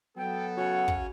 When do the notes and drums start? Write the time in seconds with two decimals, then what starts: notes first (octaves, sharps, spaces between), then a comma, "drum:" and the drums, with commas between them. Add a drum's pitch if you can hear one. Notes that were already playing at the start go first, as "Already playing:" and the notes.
0.17 F#3 B3 A4 G5
0.57 C#3 C#4 F#4 C#5 F#5
0.88 drum: kick